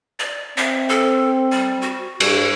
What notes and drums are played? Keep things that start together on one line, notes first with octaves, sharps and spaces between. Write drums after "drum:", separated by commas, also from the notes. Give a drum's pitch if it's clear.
D5
C4 E5
A4
G3
F#4
G2, drum: cymbal